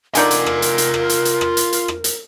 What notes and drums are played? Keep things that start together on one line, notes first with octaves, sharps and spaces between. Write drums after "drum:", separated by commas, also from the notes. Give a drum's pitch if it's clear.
D3 D#4 F4 A#4 D5 G#5, drum: hi-hat
drum: hi-hat
drum: rim click
drum: hi-hat
drum: hi-hat
drum: rim click
drum: hi-hat
drum: hi-hat
drum: rim click
drum: hi-hat
drum: hi-hat
drum: rim click
drum: hi-hat